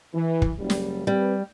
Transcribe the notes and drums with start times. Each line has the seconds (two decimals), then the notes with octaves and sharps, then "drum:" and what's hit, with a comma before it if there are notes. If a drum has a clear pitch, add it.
0.14 E3
0.42 drum: kick
0.59 F#1 G3
0.70 drum: snare
1.07 G3 C4 G4 B4